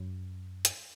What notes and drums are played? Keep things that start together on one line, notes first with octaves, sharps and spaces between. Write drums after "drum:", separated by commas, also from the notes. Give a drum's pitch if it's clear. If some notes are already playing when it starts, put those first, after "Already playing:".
Already playing: F#2
drum: hi-hat